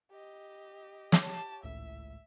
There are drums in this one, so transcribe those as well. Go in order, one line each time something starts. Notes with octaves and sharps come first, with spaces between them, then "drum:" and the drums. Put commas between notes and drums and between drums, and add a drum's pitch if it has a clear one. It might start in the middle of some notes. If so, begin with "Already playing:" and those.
G4 D#5
drum: snare
G4 C#5 A5
G#1 C#2 A2 E5